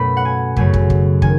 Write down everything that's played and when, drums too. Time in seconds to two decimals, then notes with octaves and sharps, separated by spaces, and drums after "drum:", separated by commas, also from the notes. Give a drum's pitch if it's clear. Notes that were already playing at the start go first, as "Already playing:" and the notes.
Already playing: F#2 B2 A3 B5
0.17 F#5
0.25 G#5
0.56 F#2 C#3 F#3 A3 G#5, drum: kick
0.74 drum: kick
0.90 drum: kick
1.22 D#3 G#5, drum: kick